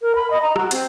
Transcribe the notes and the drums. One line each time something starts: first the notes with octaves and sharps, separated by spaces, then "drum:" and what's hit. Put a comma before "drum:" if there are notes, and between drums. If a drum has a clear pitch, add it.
A#4
B5
D#5
A#5
F#4, drum: rim click
C4, drum: hi-hat